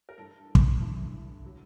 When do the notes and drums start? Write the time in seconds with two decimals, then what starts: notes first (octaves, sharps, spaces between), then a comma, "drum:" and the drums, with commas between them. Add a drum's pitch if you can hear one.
0.09 A#4
0.18 G2 E3 A4
0.55 drum: kick
0.80 G2 E3
1.45 D3 F#3